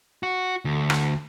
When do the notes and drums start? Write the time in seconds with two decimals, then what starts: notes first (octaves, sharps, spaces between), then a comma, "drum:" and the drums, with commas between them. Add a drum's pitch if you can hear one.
0.23 F#4
0.65 D2
0.90 drum: rim click